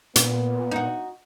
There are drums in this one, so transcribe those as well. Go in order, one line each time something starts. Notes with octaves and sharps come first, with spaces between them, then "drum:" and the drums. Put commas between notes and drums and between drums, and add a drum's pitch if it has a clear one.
A#2 B3, drum: hi-hat
D#4 F#4